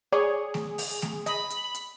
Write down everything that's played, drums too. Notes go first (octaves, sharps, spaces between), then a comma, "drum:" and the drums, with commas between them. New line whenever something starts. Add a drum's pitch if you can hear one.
G#4 C#5 D5
drum: snare A3
drum: open hi-hat
drum: snare A3
D#5 B5, drum: hi-hat
drum: hi-hat
drum: hi-hat